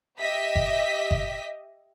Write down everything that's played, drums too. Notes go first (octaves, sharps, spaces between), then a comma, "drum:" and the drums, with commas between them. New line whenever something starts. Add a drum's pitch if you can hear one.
G4 D#5 E5 B6
drum: kick G1
drum: kick G1